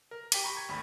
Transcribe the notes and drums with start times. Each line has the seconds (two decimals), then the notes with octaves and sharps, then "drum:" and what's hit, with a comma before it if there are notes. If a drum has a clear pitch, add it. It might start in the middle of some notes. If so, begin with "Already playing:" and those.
0.11 A#4
0.32 G4 G5 B6 D#7, drum: hi-hat
0.44 A#5 B5 C#6
0.57 G#6
0.69 G#1 D2 B5 C#6